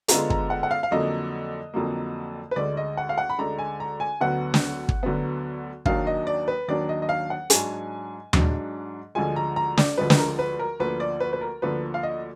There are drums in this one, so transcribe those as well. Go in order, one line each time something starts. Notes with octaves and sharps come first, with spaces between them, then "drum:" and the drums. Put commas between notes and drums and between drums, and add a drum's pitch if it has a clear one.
D3 G#3 B3 F4 A#5, drum: hi-hat
A#5, drum: kick
F#5
F#5
F5
F5
F2 D3 F#3 A#3 D#5
F2 D3 F#3 A#3
B4
D2 D3 G#3 D5
D#5
F#5
F5
F#5
B5
D2 D3 G#3 A#5
G#5
A#5
G#5
D2 D3 F#3 B3 F#5
drum: snare
drum: kick
D2 D3 F#3 B3
D#2 D#3 F#3 D4 F5, drum: kick
D#5
D5
B4
D#2 D#3 F#3 D4 D5
D#5
D#5
F5
F#5
G#2 F#3 D4 G#5, drum: hi-hat
G#2 F#3 D4, drum: tom D#2
D2 D3 F3 G#3 G#5
A#5
A#5
D5, drum: snare
D2 D3 F3 G#3 B4
B4, drum: snare
A#4
B4
A#4
D2 D3 F3 A#3 B4
D5
B4
B4
A#4
D2 D3 F3 A#3 B4
F5
D#5